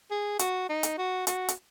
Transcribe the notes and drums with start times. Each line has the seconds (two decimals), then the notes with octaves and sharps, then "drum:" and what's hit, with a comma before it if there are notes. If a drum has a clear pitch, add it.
0.11 G#4
0.39 F#4, drum: hi-hat
0.69 D#4
0.83 drum: hi-hat
0.98 F#4
1.27 F#4, drum: hi-hat
1.49 drum: hi-hat